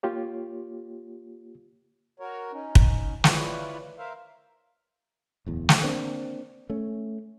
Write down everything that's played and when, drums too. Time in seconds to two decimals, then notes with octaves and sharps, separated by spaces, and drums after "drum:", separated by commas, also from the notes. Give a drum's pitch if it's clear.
0.03 A#3 F4 G4 C#5
2.20 F#4 A#4 C#5
2.52 C#4 D#4
2.75 drum: kick
3.24 E4 F4 B4 C#5 D5, drum: snare
3.98 A#4 C5 E5 F5
5.46 D1 E2
5.69 A3, drum: snare
5.83 A#3 C4 D4
6.70 A3 C#4